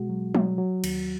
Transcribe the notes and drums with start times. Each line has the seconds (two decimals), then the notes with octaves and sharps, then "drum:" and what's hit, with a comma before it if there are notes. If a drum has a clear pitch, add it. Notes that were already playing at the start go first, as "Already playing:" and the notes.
Already playing: B2 G#3 F#4
0.09 F#3
0.35 F#3, drum: tom
0.58 F#3
0.84 D#2, drum: cymbal